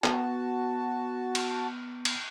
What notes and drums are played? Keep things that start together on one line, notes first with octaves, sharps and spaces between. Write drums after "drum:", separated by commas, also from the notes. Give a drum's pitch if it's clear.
B3 F#4 A5, drum: clap
drum: cymbal
drum: cymbal